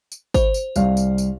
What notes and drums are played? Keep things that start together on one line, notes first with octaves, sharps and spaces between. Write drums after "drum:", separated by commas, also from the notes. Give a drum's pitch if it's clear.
drum: tambourine
C5, drum: kick, tambourine
drum: tambourine
C2 F5, drum: tambourine
drum: tambourine
drum: tambourine